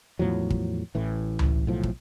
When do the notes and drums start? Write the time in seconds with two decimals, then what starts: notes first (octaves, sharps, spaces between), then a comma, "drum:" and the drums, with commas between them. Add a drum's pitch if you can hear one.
0.19 E2 A2 F3 F#3
0.50 drum: kick
0.95 A1 A2 E3
1.39 drum: tom C#2
1.67 B1 A2 F3
1.83 drum: kick